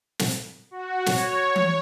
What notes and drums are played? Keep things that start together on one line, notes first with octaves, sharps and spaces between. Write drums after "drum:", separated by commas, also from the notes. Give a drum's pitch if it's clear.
drum: snare
F#4
C#5, drum: snare
drum: tom E3